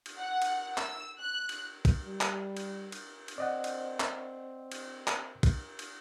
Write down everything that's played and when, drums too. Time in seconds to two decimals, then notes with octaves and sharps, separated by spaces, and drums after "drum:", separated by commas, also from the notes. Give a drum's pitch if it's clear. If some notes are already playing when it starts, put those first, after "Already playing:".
0.06 drum: cymbal
0.18 F#5
0.42 drum: cymbal
0.77 E6, drum: clap
1.20 F#6
1.49 drum: cymbal
1.85 drum: kick, cymbal
2.04 G3
2.21 drum: clap
2.57 drum: cymbal
2.92 drum: cymbal
3.28 drum: cymbal
3.38 C4 D5 D#5 F#5
3.64 drum: cymbal
4.00 drum: clap
4.72 drum: cymbal
5.07 drum: clap
5.43 drum: kick, cymbal
5.79 drum: cymbal